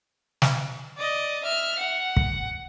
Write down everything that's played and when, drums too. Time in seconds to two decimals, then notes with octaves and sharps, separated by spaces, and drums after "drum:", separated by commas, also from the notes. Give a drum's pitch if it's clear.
0.42 drum: snare
0.97 D5 D#5
1.43 E5 F6
1.78 F#5
2.17 drum: kick